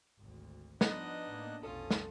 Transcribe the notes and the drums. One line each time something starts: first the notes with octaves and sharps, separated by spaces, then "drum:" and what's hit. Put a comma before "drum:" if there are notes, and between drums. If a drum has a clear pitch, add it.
G#1 D2
F3 B3 D4 D#4 D#5 F#5 F#6, drum: snare
A2 A#3
F1 B1 C#4 F4 A4 D#6
drum: snare